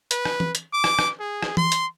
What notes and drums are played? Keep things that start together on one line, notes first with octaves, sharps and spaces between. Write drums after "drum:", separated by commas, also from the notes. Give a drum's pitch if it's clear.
B4, drum: hi-hat
drum: rim click
drum: tom
drum: hi-hat
D6
drum: rim click
drum: rim click
G#4
drum: rim click
C6, drum: tom E3
drum: hi-hat